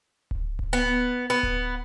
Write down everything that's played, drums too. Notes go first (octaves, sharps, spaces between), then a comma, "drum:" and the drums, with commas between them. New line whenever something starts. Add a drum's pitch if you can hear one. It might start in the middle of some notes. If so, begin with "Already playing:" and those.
drum: kick D1
drum: kick D1
B3
B3
drum: kick D1